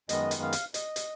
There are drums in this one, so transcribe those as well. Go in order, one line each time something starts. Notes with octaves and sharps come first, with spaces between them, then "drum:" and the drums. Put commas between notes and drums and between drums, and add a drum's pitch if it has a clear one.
F#2 D#3 G#3 B3 D#5, drum: hi-hat
drum: hi-hat
F5
drum: hi-hat
D#5, drum: hi-hat
drum: hi-hat